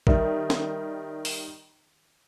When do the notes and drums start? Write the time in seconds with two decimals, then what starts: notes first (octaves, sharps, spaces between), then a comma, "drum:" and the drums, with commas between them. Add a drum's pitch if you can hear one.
0.07 D#3 G3 A#4 E5, drum: kick
0.50 drum: snare
1.25 drum: open hi-hat